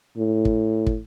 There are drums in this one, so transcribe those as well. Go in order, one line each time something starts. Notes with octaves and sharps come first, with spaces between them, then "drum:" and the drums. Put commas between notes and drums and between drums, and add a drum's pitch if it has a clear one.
A2
drum: kick
drum: kick